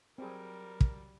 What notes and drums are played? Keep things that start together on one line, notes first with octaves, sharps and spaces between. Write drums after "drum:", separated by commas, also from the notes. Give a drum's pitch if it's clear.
F#3 G3 C4 G#4 A#4
drum: kick